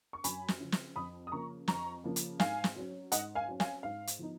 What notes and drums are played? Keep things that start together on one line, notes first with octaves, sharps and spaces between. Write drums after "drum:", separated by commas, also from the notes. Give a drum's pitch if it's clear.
C#6
F#2 G#5 B5, drum: hi-hat
drum: snare
C#3 F3
drum: snare
F2 B5 D#6
D#6
C#3 F3 A#3 A#5 C#6
F2 A#5 C#6, drum: snare
C#3 F3 A#3
drum: hi-hat
G#2 F5 G#5, drum: snare
drum: snare
F#3 C#4
G#2 D#5 F#5, drum: hi-hat
F5 G#5
F#3 C#4
F5 G#5, drum: snare
G#2 F5
drum: hi-hat
F3 B3 D#4